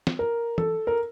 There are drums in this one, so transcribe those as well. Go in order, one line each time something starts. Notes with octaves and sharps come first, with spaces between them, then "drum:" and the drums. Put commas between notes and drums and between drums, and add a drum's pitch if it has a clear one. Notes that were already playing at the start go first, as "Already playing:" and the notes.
drum: snare
A#4
A4, drum: tom
A#4